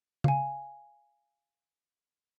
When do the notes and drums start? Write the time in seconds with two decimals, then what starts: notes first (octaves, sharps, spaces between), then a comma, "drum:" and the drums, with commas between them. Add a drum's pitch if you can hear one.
0.24 F5 G#5, drum: tom C#3